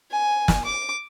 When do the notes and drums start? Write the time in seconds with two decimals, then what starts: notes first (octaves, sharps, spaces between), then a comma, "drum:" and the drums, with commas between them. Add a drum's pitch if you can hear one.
0.11 G#5
0.48 drum: snare
0.65 D6